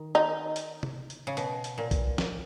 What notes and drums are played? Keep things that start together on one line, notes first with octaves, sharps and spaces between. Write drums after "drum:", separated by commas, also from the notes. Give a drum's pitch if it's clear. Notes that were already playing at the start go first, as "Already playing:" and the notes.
Already playing: D#3
D#4
drum: hi-hat
drum: tom
drum: hi-hat
C#3
B2, drum: hi-hat
drum: hi-hat
A#2
drum: kick B1, hi-hat
drum: snare